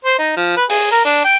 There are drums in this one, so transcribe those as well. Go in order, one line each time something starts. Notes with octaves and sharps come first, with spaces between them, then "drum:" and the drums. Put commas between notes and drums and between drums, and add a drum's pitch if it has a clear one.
C5
D#4
F3
B4
G#4, drum: open hi-hat
A#4
D4
G5